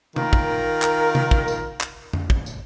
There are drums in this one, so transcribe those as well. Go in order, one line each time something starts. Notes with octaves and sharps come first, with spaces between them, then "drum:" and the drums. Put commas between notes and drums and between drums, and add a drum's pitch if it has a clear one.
D#3 F4 A#4, drum: tom C3
drum: kick
drum: clap
drum: tom C3
drum: kick
drum: tambourine
drum: clap
drum: tom F2
drum: kick
drum: tambourine